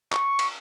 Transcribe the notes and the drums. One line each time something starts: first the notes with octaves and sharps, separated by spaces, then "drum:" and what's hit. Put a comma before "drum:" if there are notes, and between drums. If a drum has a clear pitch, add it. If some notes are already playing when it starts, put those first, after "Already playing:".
C#6, drum: clap
drum: cymbal